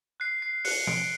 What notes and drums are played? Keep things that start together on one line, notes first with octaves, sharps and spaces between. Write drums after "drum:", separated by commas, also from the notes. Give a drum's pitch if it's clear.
F#6 C7
C7
F#6 C#7, drum: open hi-hat
D7, drum: tom B2